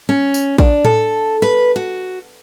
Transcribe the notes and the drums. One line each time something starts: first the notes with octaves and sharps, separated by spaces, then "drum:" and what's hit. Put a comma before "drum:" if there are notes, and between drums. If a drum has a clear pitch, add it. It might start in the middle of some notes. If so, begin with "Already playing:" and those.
C#4
drum: tambourine
D4, drum: kick
A4, drum: tom A2
B4
F#4